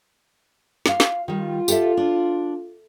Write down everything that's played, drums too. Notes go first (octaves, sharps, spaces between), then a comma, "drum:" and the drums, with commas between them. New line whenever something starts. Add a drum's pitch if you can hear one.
F4 F5, drum: snare
drum: snare
D#3 G3 F4
G4 A4 E5, drum: tambourine
D4